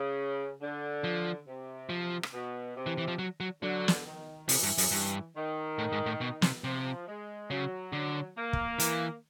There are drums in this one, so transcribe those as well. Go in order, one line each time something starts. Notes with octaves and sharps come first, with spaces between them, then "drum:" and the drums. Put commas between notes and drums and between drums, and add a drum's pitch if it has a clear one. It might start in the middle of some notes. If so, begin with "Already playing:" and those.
Already playing: C#3
D3
F3
C3
F3
drum: rim click
B2
C3
E3
E3
F3
F#3
F#3
D3 F#3
drum: snare
D#3
C3 E3, drum: open hi-hat
G2
F#2, drum: open hi-hat
G2
D#3
A2
G#2
A2
B2
C3, drum: snare
C3 F3
G#3
C#3 F#3
D3
A#3
drum: kick
E3, drum: hi-hat